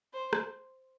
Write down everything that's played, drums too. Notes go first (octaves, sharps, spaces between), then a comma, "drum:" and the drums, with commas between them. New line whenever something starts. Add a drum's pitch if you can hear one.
C5
drum: rim click